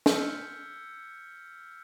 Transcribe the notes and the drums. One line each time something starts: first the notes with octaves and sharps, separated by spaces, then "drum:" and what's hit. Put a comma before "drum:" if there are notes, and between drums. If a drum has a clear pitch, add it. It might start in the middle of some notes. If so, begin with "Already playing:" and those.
E6 F6 G6 G#6 B6 C#7, drum: snare